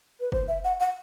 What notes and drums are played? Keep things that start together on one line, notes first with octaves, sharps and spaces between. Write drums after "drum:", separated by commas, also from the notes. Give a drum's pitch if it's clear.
B4
C5, drum: kick
E5
F#5
F#5